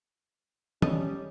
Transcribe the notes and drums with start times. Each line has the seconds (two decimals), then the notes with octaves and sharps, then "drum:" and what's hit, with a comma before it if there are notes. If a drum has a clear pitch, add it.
0.82 D#3 G3 C#4 A4 D#5, drum: tom